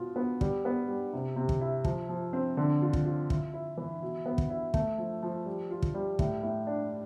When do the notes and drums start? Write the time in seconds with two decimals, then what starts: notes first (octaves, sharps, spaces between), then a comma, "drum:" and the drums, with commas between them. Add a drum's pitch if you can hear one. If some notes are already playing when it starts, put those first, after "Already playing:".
Already playing: B2 F4
0.16 B3
0.41 G3, drum: kick
0.65 B3
0.88 G3
1.13 C3
1.36 C3
1.49 drum: kick
1.61 E4
1.85 F3, drum: kick
2.09 F3
2.33 C4
2.57 D3
2.82 F4
2.93 drum: kick
3.06 F4
3.30 E4, drum: kick
3.54 E4
3.78 E3
4.02 B2
4.26 B3
4.38 drum: kick
4.50 E4
4.74 A3, drum: kick
4.98 F3
5.23 F3
5.46 G3
5.71 F4
5.82 drum: kick
5.94 G3
6.19 A2, drum: kick
6.43 A2
6.67 D4